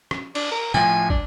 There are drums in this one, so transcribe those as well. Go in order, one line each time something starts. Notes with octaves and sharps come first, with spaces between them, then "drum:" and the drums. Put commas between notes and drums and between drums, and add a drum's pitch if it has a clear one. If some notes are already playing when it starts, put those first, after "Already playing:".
drum: rim click
D4, drum: cymbal
A#4
A2 F3 G#5, drum: tambourine
D4, drum: kick